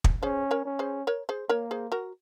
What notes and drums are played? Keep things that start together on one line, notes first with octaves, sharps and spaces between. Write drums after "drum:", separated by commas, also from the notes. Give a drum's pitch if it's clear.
drum: kick
C#4 G#4 C5
A#4 C#5
C#4
G#4 C5
A#4 C#5
G#4 C5
A#3 A#4 C#5
G#4 C5
F#4 A#4